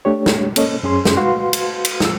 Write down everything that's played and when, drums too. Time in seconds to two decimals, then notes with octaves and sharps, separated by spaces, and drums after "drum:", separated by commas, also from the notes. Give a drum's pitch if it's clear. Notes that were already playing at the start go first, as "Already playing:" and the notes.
0.05 A3 D4 G4 C#5
0.26 drum: snare
0.56 A#3 C#4 A4 C#5 D#5, drum: cymbal
0.83 F#2 C#4 G#4 C6
1.05 drum: snare
1.17 F#4 B4 F5 C6
1.53 drum: cymbal
1.85 drum: cymbal
2.00 F3 F4 E6, drum: snare